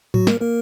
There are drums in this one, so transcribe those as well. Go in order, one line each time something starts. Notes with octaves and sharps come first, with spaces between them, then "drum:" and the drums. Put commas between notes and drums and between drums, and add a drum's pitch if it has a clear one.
F#3 F#4, drum: tom G#2
A#3 A#4, drum: snare
A#3 A#4